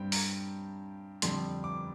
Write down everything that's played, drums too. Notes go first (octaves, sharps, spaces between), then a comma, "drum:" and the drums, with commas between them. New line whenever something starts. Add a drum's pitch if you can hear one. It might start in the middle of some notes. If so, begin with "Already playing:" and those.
Already playing: G2 G3 C4 G5
A#5, drum: open hi-hat
F2 D3 G3 D4 C6, drum: hi-hat
D6